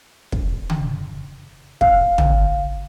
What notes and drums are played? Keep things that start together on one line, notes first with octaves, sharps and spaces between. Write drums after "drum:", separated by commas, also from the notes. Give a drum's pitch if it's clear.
drum: kick
drum: tom C#3
F5, drum: kick
drum: tom